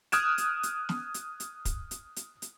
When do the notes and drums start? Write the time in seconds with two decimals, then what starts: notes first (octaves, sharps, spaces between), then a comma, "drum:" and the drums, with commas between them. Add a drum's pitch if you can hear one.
0.12 D#6 F6 F#6 G#6 D7 E7, drum: hi-hat
0.38 drum: hi-hat
0.63 drum: hi-hat
0.89 drum: snare
1.14 drum: hi-hat
1.40 drum: hi-hat
1.65 drum: kick, hi-hat
1.91 drum: hi-hat
2.16 drum: hi-hat
2.42 drum: hi-hat